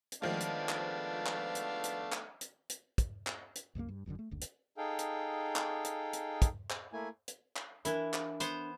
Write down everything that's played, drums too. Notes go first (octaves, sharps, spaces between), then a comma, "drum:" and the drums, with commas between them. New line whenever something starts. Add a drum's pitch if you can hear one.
drum: hi-hat
D#3 F3 G#3 A3 B3 D4 F5
drum: hi-hat
drum: clap
drum: clap
drum: hi-hat
drum: hi-hat
drum: clap
drum: hi-hat
drum: hi-hat
drum: kick, hi-hat
drum: clap
drum: hi-hat
C2 F#2 F#3 A#3
G2
G1 F#2 A#2 D3
A3
F#1 D2
drum: hi-hat
D#4 G#4 A4 F5 G5
drum: hi-hat
drum: clap
drum: hi-hat
drum: hi-hat
drum: kick, hi-hat
drum: clap
A3 A#3 E4 G#5
drum: hi-hat
drum: clap
E3 D4 E4 A#4 E5, drum: hi-hat
drum: clap
B3 C5, drum: hi-hat